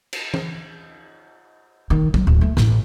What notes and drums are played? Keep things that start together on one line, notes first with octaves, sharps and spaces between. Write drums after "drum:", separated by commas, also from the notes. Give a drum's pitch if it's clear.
drum: cymbal
drum: tom E3
D#3
F#3, drum: kick
D1
A3
A1, drum: snare